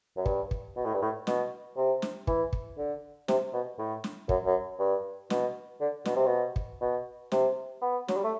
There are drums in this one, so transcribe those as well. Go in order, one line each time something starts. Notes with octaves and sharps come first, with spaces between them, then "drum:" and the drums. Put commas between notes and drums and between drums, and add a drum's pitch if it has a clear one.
F#2
G2, drum: kick
drum: kick
B2
A2
G2
A2
B2, drum: snare
C3
drum: snare
E3, drum: kick
drum: kick
D3
C3, drum: snare
B2
A2
drum: snare
F#2, drum: kick
F#2
G2
B2, drum: snare
D3
B2, drum: snare
C3
B2
drum: kick
B2
C3, drum: snare
B3
F#3, drum: snare
G3
A3